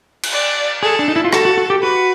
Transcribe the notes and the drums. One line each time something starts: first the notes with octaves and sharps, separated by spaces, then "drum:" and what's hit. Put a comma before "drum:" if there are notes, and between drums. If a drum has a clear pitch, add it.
drum: cymbal
D5
G#4 A4
D4
D#4
E4
F4
F#4 A4, drum: rim click
F#4
F#4
G4
F#4 B4